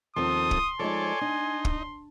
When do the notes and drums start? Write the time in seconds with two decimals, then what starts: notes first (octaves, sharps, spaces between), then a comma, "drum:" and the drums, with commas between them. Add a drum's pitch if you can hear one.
0.16 D#2 F3 C4 A4 C6 D#6
0.51 drum: kick
0.79 F3 G#3 D#4 A4 C#5 D5 G#5
1.21 D4 D#4
1.65 drum: kick